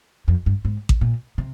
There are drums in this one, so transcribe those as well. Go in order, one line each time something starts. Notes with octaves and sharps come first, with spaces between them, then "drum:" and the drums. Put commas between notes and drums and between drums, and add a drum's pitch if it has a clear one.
F2
G2
G#2
drum: kick A1
A#2
C3